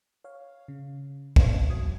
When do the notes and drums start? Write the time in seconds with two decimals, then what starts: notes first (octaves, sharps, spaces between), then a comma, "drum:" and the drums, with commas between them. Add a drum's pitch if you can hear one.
0.24 C#5 F5
0.68 C#3
1.36 drum: kick
1.69 E2 F#3 D#6 G#6